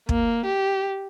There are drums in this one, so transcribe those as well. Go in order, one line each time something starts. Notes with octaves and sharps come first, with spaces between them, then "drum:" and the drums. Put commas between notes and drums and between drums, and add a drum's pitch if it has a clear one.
A#3, drum: kick
G4